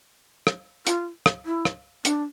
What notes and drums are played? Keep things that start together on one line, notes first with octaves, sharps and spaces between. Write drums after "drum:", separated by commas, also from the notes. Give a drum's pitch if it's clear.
drum: rim click
F4, drum: hi-hat
drum: rim click
E4
drum: rim click
D4, drum: hi-hat